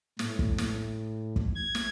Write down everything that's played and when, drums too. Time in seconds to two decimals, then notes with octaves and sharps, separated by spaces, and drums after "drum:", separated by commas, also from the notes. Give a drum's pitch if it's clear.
0.19 A2, drum: snare
0.39 drum: kick
0.58 drum: snare
1.36 drum: kick
1.55 G#6
1.75 drum: snare